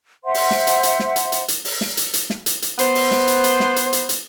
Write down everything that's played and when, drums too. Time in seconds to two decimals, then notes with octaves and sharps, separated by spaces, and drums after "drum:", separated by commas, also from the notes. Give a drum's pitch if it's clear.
0.25 C5 E5 F#5 C6
0.34 drum: open hi-hat
0.51 drum: snare
0.67 drum: hi-hat
0.83 drum: hi-hat
0.99 drum: snare
1.16 drum: hi-hat
1.32 drum: hi-hat
1.48 drum: hi-hat
1.65 drum: open hi-hat
1.81 drum: snare
1.97 drum: hi-hat
2.13 drum: hi-hat
2.30 drum: snare
2.46 drum: hi-hat
2.62 drum: hi-hat
2.79 B3 C5, drum: hi-hat
2.95 drum: open hi-hat
3.11 drum: snare
3.27 drum: hi-hat
3.44 drum: hi-hat
3.60 drum: snare
3.76 drum: hi-hat
3.93 drum: hi-hat
4.09 drum: hi-hat